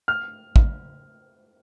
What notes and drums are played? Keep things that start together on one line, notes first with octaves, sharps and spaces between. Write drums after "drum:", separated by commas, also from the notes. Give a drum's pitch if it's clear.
F6
drum: kick